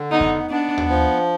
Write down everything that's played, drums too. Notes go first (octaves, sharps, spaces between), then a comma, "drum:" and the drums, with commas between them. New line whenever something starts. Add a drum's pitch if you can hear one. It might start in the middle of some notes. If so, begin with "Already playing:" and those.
Already playing: D3
B3 D#4
drum: kick F2
B3 D4
drum: tom D#2
F3